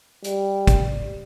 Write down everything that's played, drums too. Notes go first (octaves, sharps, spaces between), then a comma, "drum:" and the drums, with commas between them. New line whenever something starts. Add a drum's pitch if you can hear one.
G3, drum: hi-hat
drum: kick, hi-hat